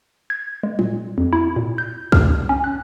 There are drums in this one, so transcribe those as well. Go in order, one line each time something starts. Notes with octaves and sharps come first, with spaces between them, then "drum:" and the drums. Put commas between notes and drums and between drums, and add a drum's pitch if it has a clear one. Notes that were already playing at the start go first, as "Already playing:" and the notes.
G#6
G#3
A#2, drum: tom F#3
F2
E4
A#2
G6
F6, drum: kick
C#4
F#6